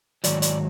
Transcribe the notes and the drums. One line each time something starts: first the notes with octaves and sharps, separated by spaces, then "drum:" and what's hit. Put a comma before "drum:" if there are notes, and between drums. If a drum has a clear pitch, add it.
G#2 D#3 F#3 D5, drum: hi-hat
D5, drum: hi-hat